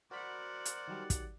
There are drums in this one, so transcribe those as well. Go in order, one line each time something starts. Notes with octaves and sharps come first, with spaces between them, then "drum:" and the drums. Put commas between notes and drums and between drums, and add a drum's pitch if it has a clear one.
F#4 A#4 C5 D5 F#5 B5
drum: hi-hat
D#3 F#3 G3
drum: kick, hi-hat